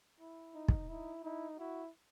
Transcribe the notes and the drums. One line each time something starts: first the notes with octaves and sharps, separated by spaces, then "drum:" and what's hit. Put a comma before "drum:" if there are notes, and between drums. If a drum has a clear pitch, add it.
E4
D#4
drum: kick
D#4 E4
D#4 E4
E4 F#4